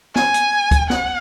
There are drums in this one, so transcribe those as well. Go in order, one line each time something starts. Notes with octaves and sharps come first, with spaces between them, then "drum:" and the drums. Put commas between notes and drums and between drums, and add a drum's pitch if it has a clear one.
G#5, drum: snare
drum: hi-hat
drum: kick, hi-hat
F#5, drum: snare